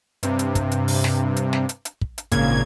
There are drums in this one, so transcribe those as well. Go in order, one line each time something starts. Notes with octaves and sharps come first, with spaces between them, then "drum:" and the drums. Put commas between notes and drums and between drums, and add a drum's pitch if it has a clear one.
G2 C3, drum: hi-hat
drum: hi-hat
drum: kick, hi-hat
drum: hi-hat
drum: open hi-hat
drum: snare
drum: hi-hat
drum: snare
drum: hi-hat
drum: hi-hat
drum: kick
drum: hi-hat
G#1 A#2 C#3 G#6, drum: kick, hi-hat